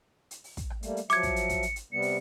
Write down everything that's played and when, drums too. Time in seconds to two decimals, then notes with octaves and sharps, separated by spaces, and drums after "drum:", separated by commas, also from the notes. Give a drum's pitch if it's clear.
0.31 drum: hi-hat
0.44 drum: open hi-hat
0.57 drum: kick, hi-hat
0.70 drum: rim click
0.83 G3 A3 A#3, drum: hi-hat
0.97 drum: hi-hat
1.10 F3 F#3 E5 D6 G#6 C#7, drum: hi-hat
1.23 drum: kick, hi-hat
1.36 drum: hi-hat
1.49 drum: kick, hi-hat
1.63 drum: hi-hat
1.76 drum: hi-hat
1.92 C3 G3 B3 C#7
2.02 drum: open hi-hat